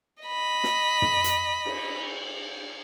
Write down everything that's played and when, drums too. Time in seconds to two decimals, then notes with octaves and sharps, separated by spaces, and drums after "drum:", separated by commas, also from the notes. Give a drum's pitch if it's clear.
0.23 D#5 B5
0.64 drum: snare
1.02 drum: tom
1.24 drum: hi-hat
1.65 drum: cymbal